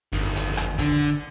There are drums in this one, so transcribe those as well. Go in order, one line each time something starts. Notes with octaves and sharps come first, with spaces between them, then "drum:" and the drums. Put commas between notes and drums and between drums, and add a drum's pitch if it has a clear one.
G1 F2 D#3
drum: hi-hat
drum: rim click
D3, drum: kick, hi-hat